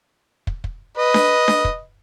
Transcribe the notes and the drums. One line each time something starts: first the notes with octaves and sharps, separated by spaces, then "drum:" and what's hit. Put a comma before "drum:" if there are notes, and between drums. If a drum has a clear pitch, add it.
drum: kick
drum: kick
B4 D#5
drum: snare D4
drum: snare D4
drum: kick